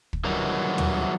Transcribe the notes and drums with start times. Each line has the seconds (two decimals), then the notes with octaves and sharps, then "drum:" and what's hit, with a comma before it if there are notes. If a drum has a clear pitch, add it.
0.13 drum: kick
0.24 D#3 E3 F#3 G3
0.78 drum: tom